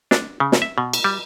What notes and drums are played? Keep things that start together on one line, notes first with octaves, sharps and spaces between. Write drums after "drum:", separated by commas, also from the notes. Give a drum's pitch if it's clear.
D4, drum: snare
C#3
drum: snare
E5
B2
drum: cymbal
G3